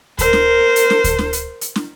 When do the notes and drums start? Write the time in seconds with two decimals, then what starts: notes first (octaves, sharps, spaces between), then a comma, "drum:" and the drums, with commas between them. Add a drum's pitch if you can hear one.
0.19 A#4 C5, drum: kick D2, hi-hat
0.33 drum: snare
0.76 drum: hi-hat
0.90 drum: snare
1.04 drum: kick D2, hi-hat
1.19 drum: snare
1.33 drum: hi-hat
1.61 drum: hi-hat
1.76 drum: snare